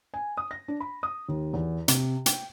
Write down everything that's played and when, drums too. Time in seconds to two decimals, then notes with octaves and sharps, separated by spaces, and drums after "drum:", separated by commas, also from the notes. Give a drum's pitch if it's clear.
0.14 G#5
0.37 D#6
0.51 A#6
0.68 D4
0.80 B5
1.03 D#6
1.29 D#2
1.54 E2
1.88 C3, drum: hi-hat
2.26 G5, drum: hi-hat